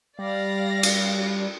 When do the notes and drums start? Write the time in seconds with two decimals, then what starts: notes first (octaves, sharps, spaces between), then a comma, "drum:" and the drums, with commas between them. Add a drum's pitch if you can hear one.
0.19 G3 D5 F5 A#6
0.83 drum: cymbal